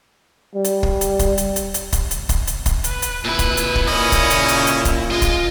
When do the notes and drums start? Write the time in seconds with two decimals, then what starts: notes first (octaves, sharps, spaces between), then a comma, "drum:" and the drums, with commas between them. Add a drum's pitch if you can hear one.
0.56 G3
0.65 drum: hi-hat
0.83 drum: kick
1.01 drum: hi-hat
1.19 drum: kick, hi-hat
1.38 drum: hi-hat
1.56 drum: hi-hat
1.74 drum: hi-hat
1.93 drum: kick, hi-hat
2.11 drum: hi-hat
2.29 drum: kick, hi-hat
2.47 drum: hi-hat
2.66 drum: kick, hi-hat
2.84 B4, drum: hi-hat
3.02 drum: hi-hat
3.25 A#2 E4 B4
3.39 drum: kick, hi-hat
3.57 drum: hi-hat
3.75 drum: kick
3.88 A#2 C#3 C#4 D#5 B5
4.12 drum: kick, hi-hat
4.30 drum: hi-hat
4.49 drum: hi-hat
4.67 drum: hi-hat
4.85 drum: kick, hi-hat
5.11 G#3 F4 D#5
5.22 drum: kick, hi-hat